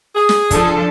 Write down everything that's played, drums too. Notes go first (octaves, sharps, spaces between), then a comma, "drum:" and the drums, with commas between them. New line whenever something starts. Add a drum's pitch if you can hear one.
G#4
drum: snare
F3 D4 A4, drum: kick, hi-hat